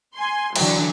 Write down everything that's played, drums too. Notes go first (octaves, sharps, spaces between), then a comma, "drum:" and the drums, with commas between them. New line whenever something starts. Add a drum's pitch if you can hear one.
G#5 C6
D3 E3 F#3, drum: cymbal